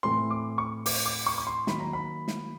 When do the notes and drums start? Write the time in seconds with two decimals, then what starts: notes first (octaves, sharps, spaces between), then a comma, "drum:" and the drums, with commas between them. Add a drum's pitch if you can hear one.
0.03 A2 E3 A3 C4 C6
0.30 D6
0.58 C#6
0.86 D6, drum: open hi-hat
1.06 D6
1.26 C#6
1.38 C#6
1.47 C6
1.67 D#3 F#3 A#3 B5, drum: snare
1.80 A#5
1.93 B5
2.28 drum: snare